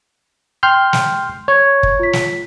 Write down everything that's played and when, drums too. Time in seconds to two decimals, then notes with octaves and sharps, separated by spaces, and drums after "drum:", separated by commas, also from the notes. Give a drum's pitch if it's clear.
0.63 G5 C6 F6 G6
0.93 drum: snare
1.48 C#5 C#6 G#6
1.83 drum: kick
1.99 F4 B6
2.13 drum: snare